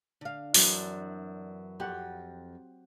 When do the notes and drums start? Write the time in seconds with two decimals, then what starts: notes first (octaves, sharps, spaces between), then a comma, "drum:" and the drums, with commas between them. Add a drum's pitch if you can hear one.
0.21 D3 F5
0.54 F#2 E3 C4 D4, drum: open hi-hat
1.80 F2 G4 F#5